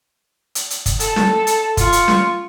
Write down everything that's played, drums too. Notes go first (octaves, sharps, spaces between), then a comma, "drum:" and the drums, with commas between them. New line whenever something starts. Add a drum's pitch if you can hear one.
drum: hi-hat
drum: hi-hat
drum: kick, hi-hat
A4, drum: hi-hat
drum: snare
drum: hi-hat
F4 C#6, drum: kick, hi-hat
drum: hi-hat
drum: snare